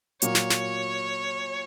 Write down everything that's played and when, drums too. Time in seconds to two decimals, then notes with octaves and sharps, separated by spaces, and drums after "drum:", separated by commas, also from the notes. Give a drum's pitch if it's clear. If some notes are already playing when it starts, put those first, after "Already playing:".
0.22 A#2 F#3 A#3 C#5, drum: hi-hat
0.35 drum: snare
0.50 drum: snare